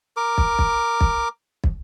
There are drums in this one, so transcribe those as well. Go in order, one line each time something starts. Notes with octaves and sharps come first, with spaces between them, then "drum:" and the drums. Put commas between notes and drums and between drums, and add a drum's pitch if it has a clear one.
A#4 D6
drum: kick
drum: kick
drum: kick
drum: kick